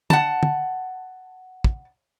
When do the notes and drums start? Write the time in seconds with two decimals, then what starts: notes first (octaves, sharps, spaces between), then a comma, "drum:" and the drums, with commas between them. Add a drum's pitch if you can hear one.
0.10 F#5 A5, drum: tom
0.43 drum: tom
1.64 drum: kick